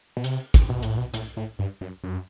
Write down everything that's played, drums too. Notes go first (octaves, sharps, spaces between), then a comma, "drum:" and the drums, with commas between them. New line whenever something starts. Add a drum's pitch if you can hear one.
B2
C3, drum: hi-hat
drum: kick, hi-hat
B2
A2, drum: hi-hat
B2
A2, drum: hi-hat
A2
G2
F#2
F#2